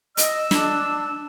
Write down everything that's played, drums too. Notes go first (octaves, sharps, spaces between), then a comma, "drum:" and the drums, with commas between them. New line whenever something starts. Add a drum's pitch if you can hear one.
D#5 E6, drum: hi-hat
D4, drum: snare